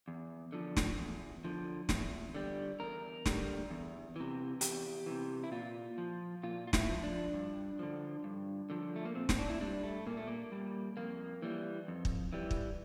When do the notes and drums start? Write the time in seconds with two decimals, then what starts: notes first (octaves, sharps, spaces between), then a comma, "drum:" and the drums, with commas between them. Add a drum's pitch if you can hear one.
0.08 E2
0.53 D3 F3
0.77 drum: snare
0.98 E2
1.44 D3 F3
1.89 E2, drum: snare
2.35 D3 G3
2.80 E2 A#4
3.26 D3 G3, drum: snare
3.70 E2
4.16 C3 E3
4.61 E2 G4, drum: hi-hat
5.06 C3 E3
5.44 E4
5.52 A#2 F4
5.98 F3
6.43 A#2 F4
6.67 F4
6.73 E4, drum: snare
6.89 F3
7.03 D4
7.33 G2
7.79 D3 F3
8.24 G2
8.70 D3 F3
8.96 A3
9.05 A#3
9.15 A#2 C4
9.29 drum: snare
9.39 D4
9.49 E4
9.61 G3 D4
9.83 A3
10.06 A#2 A#3
10.17 A3
10.27 A#3
10.52 G3
10.97 F2 A#3
11.42 E3 G3
11.88 F2
12.05 drum: kick
12.33 E3 G3
12.51 drum: kick